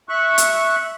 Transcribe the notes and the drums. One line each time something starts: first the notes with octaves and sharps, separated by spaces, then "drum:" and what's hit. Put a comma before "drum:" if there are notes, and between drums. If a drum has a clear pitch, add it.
E5 C#6 F#6
drum: hi-hat